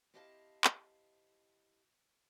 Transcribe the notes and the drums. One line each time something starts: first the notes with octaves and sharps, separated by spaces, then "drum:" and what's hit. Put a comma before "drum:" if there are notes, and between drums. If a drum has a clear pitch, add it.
C4 E4 G4 D#5 F5 A5
drum: clap